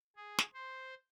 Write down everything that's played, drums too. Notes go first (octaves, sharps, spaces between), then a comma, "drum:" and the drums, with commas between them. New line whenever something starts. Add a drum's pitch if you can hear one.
G#4
drum: snare
C5